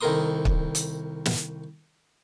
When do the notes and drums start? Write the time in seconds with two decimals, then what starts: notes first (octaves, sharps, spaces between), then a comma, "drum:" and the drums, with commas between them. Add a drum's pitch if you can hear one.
0.01 C2 D#3 A4 A#4 C6 D#6
0.45 drum: kick
0.75 drum: hi-hat
1.25 drum: snare